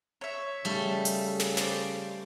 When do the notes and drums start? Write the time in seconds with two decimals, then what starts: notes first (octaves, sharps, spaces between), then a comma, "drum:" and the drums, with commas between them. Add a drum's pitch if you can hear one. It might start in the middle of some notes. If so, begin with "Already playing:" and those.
0.21 C#5 E5
0.65 C#3 G3 A3
1.05 drum: hi-hat
1.40 drum: snare
1.57 C5 D5, drum: snare